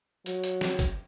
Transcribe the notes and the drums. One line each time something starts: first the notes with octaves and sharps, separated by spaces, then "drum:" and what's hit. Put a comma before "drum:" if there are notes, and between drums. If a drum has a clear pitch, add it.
F#3, drum: hi-hat
drum: hi-hat
drum: snare
drum: kick, hi-hat